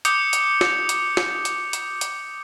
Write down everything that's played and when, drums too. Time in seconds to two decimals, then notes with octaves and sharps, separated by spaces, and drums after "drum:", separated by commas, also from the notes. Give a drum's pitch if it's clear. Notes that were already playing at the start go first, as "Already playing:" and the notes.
0.05 D6 D#6 G6 C#7 F7 G7, drum: hi-hat
0.33 drum: hi-hat
0.61 drum: snare
0.89 drum: hi-hat
1.17 drum: snare
1.45 drum: hi-hat
1.73 drum: hi-hat
2.01 drum: hi-hat